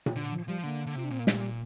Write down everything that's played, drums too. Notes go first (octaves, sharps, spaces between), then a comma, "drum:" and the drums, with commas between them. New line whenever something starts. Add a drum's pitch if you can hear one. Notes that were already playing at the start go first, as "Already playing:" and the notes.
drum: tom A#2
D3
F3
F3 G3
D3 A#3
D3
C3 F4
D4
A#2 C4
A#3
A#2 G3, drum: snare